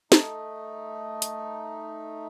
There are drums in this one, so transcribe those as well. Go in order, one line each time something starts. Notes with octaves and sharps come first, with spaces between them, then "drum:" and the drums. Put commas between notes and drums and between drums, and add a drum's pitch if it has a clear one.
A3 D#4, drum: snare
drum: hi-hat